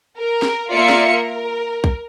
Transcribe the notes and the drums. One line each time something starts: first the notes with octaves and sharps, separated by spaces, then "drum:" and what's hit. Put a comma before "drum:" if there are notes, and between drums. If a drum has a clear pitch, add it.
A#4
drum: snare
A#3 F4 D5 E5 C#7
drum: snare
A#4
drum: kick